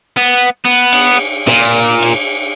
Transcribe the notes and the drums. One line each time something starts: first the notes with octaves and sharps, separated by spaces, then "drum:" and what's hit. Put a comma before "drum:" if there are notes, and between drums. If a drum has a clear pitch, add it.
B3
B3
drum: cymbal
A#2, drum: snare
drum: cymbal